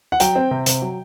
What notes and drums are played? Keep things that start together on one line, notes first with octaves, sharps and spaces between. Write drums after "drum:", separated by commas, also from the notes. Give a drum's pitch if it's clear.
F#5
F#3 G5, drum: hi-hat
C4
C3
C3, drum: hi-hat
F#3